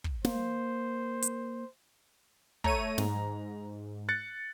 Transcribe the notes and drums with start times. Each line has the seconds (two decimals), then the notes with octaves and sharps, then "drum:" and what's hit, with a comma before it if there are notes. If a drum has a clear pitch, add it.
0.04 drum: kick
0.25 A#3 C5, drum: snare
1.22 drum: hi-hat
2.64 A3 C#5 A#5 D#7, drum: kick
2.98 G#2, drum: snare
4.09 F#6 A6 C#7